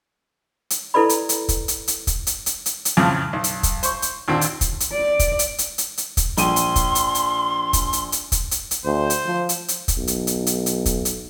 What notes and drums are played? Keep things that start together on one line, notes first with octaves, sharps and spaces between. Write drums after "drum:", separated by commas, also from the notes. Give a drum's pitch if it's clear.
drum: hi-hat
E4 A4 B4 D5 B5
drum: hi-hat
drum: hi-hat
drum: kick, hi-hat
drum: hi-hat
drum: hi-hat
drum: kick, hi-hat
drum: hi-hat
drum: hi-hat
drum: hi-hat
drum: hi-hat
F2 A2 C#3 F3
B1
drum: hi-hat
drum: kick, hi-hat
C5 C#6, drum: hi-hat
drum: hi-hat
D#2 A#2 D3 C4
drum: hi-hat
drum: kick, hi-hat
drum: hi-hat
D5
drum: kick, hi-hat
drum: hi-hat
drum: hi-hat
drum: hi-hat
drum: hi-hat
drum: kick, hi-hat
A#1 C6 D#7, drum: hi-hat
drum: hi-hat
drum: kick, hi-hat
drum: hi-hat
drum: hi-hat
drum: kick, hi-hat
drum: hi-hat
drum: hi-hat
drum: kick, hi-hat
drum: hi-hat
drum: hi-hat
D2 C5
drum: hi-hat
F3
drum: hi-hat
drum: hi-hat
drum: kick, hi-hat
B1
drum: hi-hat
drum: hi-hat
drum: hi-hat
drum: hi-hat
drum: kick, hi-hat
drum: hi-hat